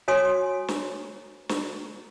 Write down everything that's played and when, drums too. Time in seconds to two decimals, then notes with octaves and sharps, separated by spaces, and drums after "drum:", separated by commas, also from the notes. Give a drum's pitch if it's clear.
0.08 F#4 C#5 G#5 C6 D#6
0.68 drum: snare
1.49 drum: snare